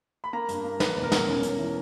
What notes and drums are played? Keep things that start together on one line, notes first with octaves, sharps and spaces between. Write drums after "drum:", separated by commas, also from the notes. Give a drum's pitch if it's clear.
B5
A#3 A#5
G2, drum: hi-hat
A#3
D#3 B4, drum: snare
E1
A#4
E1, drum: snare
C#4
C#4, drum: hi-hat
E3